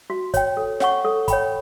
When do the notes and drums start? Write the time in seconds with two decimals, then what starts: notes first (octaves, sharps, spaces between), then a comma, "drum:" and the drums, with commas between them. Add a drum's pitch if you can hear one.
0.10 F#4
0.34 C#5 G5, drum: kick, hi-hat
0.57 A4
0.80 C#5 F#5 C#6, drum: snare
1.05 A4
1.28 C#5 G5 B5, drum: kick, hi-hat